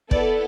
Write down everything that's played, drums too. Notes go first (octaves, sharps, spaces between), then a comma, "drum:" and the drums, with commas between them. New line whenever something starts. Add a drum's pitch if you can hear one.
B3 E4 A4 D5, drum: kick